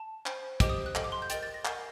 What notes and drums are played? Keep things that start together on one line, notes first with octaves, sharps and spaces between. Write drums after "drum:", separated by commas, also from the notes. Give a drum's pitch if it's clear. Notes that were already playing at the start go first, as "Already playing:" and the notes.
Already playing: A5
C5 G5, drum: clap
G4 C5 D#5 G5 D6, drum: kick, hi-hat
D#6
F#6
A4 D#5 G5, drum: clap
D6
C6
G6
A#4 D#5 G5 A6, drum: hi-hat
A6
A#6
A#4 F#5 C7, drum: clap